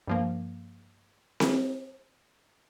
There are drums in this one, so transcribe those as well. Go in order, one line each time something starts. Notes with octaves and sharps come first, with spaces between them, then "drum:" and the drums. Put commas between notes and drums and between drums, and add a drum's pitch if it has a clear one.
G2 F3 A#3
drum: snare C4